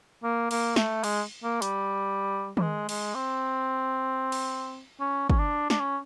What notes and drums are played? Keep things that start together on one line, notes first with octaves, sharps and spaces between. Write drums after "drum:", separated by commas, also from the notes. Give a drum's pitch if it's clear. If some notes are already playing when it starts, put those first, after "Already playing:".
A#3
A#3, drum: cymbal
A3, drum: snare
G#3, drum: cymbal
A#3
G3, drum: hi-hat
G3, drum: tom D#3
G#3
G#3, drum: cymbal
C4
drum: cymbal
C#4
C#4, drum: kick
D4
D4, drum: snare
C#4